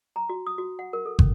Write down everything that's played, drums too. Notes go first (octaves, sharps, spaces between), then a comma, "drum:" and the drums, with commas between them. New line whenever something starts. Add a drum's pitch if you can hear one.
A#5
F#4
D#6
F#4
F#5
A#4
A4
C#4, drum: kick